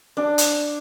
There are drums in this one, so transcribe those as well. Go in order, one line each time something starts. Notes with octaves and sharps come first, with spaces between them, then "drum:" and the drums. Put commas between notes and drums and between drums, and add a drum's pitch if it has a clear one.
D4
drum: hi-hat